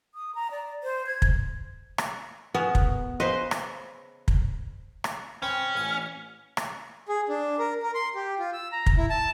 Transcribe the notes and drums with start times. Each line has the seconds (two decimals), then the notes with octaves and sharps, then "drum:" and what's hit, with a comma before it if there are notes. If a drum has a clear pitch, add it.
0.15 D#6
0.35 A#5
0.51 D5
0.84 C5
1.07 G#6
1.22 drum: kick
1.98 drum: rim click
2.54 B3 F#4 G#4 A#4
2.75 drum: kick
3.20 C#3 B4 C5 D#5 C6
3.51 drum: rim click
4.28 drum: kick
5.04 drum: rim click
5.42 C4 C#4 G5 B5
5.75 A1 G#5
6.57 drum: rim click
7.08 G#4
7.29 D4
7.59 A#4
7.83 A#4
7.94 C6
8.15 G4
8.39 F4
8.53 E6
8.72 A#5
8.86 drum: kick
8.97 E4
9.10 A5